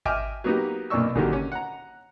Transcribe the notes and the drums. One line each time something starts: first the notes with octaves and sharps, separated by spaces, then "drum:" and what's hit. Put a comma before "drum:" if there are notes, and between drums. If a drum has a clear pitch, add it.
D#5 E5 G5 G#5 D6 F6, drum: kick G#1
F#3 A#3 B3 D#4 F#4 G4
B1 A#2 A#3 D4 C#6 E6
A#2 D3 D#3 F#3 A#3 G4, drum: kick G#1
C#4
F#5 A#5